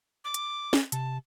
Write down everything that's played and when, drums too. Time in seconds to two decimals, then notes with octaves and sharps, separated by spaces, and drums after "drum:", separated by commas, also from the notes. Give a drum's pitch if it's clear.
0.25 D6
0.34 drum: hi-hat
0.73 drum: snare
0.92 C3 A5, drum: hi-hat